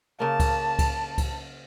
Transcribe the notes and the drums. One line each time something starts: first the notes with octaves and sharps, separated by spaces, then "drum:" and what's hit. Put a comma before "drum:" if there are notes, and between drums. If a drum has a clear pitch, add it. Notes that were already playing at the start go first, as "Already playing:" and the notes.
C#3 A#3 A5
drum: kick C#2, cymbal
drum: kick C#2, cymbal
drum: kick C#2, cymbal